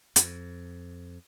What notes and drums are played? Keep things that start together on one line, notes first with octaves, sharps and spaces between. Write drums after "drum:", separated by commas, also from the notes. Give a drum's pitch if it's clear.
F2, drum: hi-hat